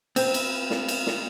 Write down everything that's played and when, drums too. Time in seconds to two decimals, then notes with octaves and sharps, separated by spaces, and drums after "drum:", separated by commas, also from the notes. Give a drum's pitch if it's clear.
0.16 C4, drum: cymbal
0.34 drum: cymbal
0.70 drum: snare
0.88 drum: cymbal
1.07 drum: snare